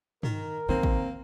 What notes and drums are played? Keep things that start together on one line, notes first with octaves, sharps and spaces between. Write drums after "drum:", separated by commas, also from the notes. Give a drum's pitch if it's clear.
D#3 A#4, drum: tom
D#3 A#3 C4
drum: kick